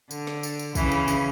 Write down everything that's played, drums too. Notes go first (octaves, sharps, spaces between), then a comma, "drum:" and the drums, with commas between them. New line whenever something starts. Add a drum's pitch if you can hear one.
D3, drum: tambourine
drum: snare
drum: tambourine
drum: tambourine
C#3 E3, drum: kick, tambourine
drum: tambourine
drum: tambourine